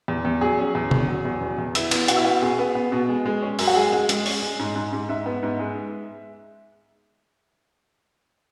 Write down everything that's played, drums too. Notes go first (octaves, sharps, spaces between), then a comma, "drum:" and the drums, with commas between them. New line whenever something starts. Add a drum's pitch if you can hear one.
E2
E2
F#3 G#4
C#4
E2
C#4, drum: tom B2
F#3
E2
B2
E2
B3 E4, drum: hi-hat
B3, drum: cymbal
B2 F#4, drum: hi-hat
E4
B3 F#4
B2 G#4
B3
B3
B2
G#3
G#3
C#4
F#2, drum: open hi-hat
F#4
G#3 G#4
G#3
G#3, drum: hi-hat
C#4, drum: open hi-hat
G#3
G#2
G#2
G#2
G#2 E5
B3
G#2
G#3